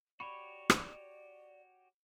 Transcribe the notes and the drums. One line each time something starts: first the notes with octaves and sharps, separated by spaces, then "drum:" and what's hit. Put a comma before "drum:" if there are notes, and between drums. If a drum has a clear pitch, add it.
F#4 G4 C#5 D5 B5 C#6
drum: rim click